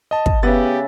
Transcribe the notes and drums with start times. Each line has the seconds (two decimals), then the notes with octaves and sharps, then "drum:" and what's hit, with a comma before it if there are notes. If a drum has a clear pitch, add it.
0.11 D#5 A5
0.26 drum: kick
0.43 C#3 B3 G4 E5 A6